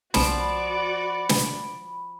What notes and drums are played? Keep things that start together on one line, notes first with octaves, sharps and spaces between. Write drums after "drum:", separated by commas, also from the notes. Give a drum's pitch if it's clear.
B1 F3 F#4 D5 B5 D7, drum: snare
drum: snare